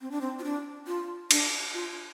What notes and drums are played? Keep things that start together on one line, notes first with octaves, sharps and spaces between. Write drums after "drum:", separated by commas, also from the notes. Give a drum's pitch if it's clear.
C4
D4
C4
F4
D4
F4
D4, drum: cymbal
F4